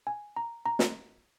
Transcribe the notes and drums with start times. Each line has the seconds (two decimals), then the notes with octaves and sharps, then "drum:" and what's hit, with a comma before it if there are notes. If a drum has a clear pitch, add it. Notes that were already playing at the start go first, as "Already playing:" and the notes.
0.07 G#5
0.36 A#5
0.66 A#5
0.79 drum: snare